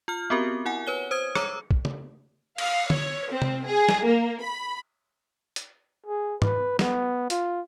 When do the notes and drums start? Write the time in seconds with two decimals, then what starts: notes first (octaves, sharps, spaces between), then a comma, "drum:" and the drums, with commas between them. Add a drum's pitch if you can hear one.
0.08 F4 F6
0.30 B3 C4 F#4 G4 A#4
0.66 E4 F#5 G#5
0.87 B4 C#5 G7
1.11 C5 D#6 G#6
1.35 C#5 A#5 D6 E6, drum: rim click
1.71 drum: kick B1
1.85 drum: tom
2.58 F5, drum: cymbal
2.90 C#5, drum: tom D3
3.31 C4
3.42 drum: tom C3
3.66 G#4
3.89 drum: snare
4.06 A#3
4.41 B5
5.56 drum: hi-hat
6.06 G#4
6.42 B4, drum: tom G#2
6.79 B3, drum: snare
7.30 F4, drum: hi-hat